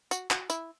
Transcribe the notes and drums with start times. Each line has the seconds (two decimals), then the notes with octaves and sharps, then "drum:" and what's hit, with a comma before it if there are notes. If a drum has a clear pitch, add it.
0.11 F#4, drum: tambourine
0.31 F#4, drum: clap
0.50 E4, drum: tambourine